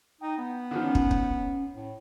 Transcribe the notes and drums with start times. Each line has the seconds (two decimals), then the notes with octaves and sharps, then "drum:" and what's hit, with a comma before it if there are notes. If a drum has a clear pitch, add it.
0.21 D#4 G5
0.38 B3
0.71 D3 D#3 F3
0.83 C#4
0.95 drum: kick
1.11 drum: kick
1.74 A2